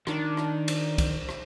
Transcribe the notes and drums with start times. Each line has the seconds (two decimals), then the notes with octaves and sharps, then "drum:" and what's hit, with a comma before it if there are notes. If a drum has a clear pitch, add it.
0.07 D#3 D4, drum: rim click
0.37 drum: rim click
0.68 drum: cymbal
0.98 drum: kick, cymbal
1.29 drum: rim click